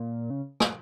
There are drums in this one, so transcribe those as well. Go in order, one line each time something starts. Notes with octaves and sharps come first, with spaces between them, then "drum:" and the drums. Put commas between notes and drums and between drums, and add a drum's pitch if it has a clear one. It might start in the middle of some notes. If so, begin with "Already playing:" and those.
Already playing: A#2
C#3
drum: rim click